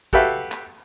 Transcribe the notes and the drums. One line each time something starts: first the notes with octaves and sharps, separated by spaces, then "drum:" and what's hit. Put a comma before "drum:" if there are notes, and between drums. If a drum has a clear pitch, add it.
F#4 G4 A4 B4 E5 F5, drum: kick
drum: clap